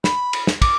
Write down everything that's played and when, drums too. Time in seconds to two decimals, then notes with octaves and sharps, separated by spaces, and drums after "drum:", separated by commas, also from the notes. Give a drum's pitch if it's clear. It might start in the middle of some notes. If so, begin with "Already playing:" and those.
0.04 B5, drum: snare
0.33 drum: cymbal
0.47 drum: snare
0.62 D6, drum: kick, cymbal